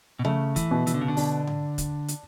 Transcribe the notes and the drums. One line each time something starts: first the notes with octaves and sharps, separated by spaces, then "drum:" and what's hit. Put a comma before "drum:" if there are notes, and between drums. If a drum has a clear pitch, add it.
B2
C#3 A3, drum: tom
E3, drum: kick, hi-hat
B2
E3, drum: hi-hat
D3
C#3
D3
D4, drum: open hi-hat
drum: tom G#2
drum: kick, hi-hat
drum: hi-hat